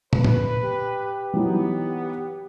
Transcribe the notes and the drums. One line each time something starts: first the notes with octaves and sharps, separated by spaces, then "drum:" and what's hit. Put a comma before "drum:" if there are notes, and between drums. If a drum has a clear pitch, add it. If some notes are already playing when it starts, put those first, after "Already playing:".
B4, drum: tom
drum: tom
G4
E3 F#3 B3 D#4